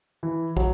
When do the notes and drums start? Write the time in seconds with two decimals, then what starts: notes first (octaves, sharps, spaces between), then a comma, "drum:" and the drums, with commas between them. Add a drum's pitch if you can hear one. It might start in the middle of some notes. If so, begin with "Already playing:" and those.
0.23 E3
0.57 F#3, drum: kick